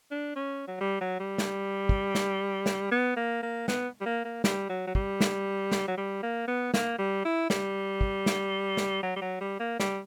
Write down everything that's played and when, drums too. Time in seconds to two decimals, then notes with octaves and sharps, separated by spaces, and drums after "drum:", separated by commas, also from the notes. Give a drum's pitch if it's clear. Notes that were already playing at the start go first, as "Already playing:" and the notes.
0.11 D4
0.36 C#4
0.68 F#3
0.81 G3
1.01 F#3
1.19 G3
1.38 drum: snare
1.89 drum: kick
2.15 drum: snare
2.66 drum: snare
2.91 B3
3.17 A#3
3.43 A#3
3.68 B3, drum: snare
4.01 G3
4.06 A#3
4.25 A#3
4.44 G3, drum: snare
4.69 F#3
4.87 F#3
4.95 G3, drum: kick
5.21 drum: snare
5.72 drum: snare
5.88 F#3
5.97 G3
6.23 A#3
6.48 B3
6.74 A#3, drum: snare
6.98 G3
7.25 E4
7.50 G3, drum: snare
8.01 drum: kick
8.26 drum: snare
8.77 drum: snare
9.03 F#3
9.16 G3
9.21 F#3
9.41 G3
9.60 A#3
9.80 G3, drum: snare